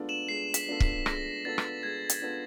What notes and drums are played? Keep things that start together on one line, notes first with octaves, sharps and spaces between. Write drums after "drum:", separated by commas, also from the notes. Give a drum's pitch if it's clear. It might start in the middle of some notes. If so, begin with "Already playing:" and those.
Already playing: G#3 B3 D4 F4 A4
E7 F#7
G#3 C7
B6, drum: hi-hat
B3 D4 F4 A4
B6, drum: kick
G#3 A#6, drum: rim click
B3 D4 F4 A4 A6
drum: rim click
G#3 G#6
drum: hi-hat
B3 D4 F4 A4